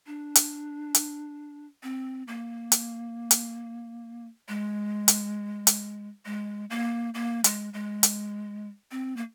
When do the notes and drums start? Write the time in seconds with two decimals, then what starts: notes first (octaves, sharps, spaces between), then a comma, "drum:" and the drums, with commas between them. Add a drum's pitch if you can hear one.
0.07 D4
0.35 drum: hi-hat
0.94 drum: hi-hat
1.83 C4
2.28 A#3
2.72 drum: hi-hat
3.31 drum: hi-hat
4.48 G#3
5.08 drum: hi-hat
5.67 drum: hi-hat
6.25 G#3
6.70 A#3
7.14 A#3
7.44 G#3, drum: hi-hat
7.73 G#3
8.03 drum: hi-hat
8.91 C4
9.17 A#3